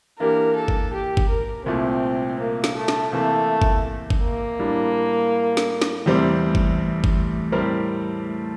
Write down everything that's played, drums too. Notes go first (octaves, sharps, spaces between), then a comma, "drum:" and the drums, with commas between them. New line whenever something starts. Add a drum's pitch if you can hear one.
E3 A#3 D4 G4 A#4
A4
drum: kick G1
G4
drum: kick G1
A#4
C2 A#2 A3 C4
A#3
drum: snare
A3
drum: snare
C3 E3 A3 A#3
drum: kick G1
drum: kick G1
A#3
A2 G3 D4
drum: snare
drum: snare
E2 C3 G3 A3 C4
A3
drum: kick G1
A3
drum: kick G1
A2 G3 C4 G4 A#4
A3